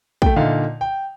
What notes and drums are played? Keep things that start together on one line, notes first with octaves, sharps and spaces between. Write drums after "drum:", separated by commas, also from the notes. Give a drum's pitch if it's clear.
A3 G5, drum: kick
A#2 D3 D#4 E5 F5
G5